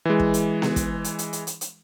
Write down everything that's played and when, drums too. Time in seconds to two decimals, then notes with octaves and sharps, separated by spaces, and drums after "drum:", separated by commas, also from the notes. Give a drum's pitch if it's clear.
0.05 E3 G#3
0.20 drum: kick
0.34 drum: hi-hat
0.62 drum: snare B3
0.76 drum: kick, hi-hat
1.04 drum: hi-hat
1.19 drum: hi-hat
1.33 drum: hi-hat
1.47 drum: hi-hat
1.61 drum: hi-hat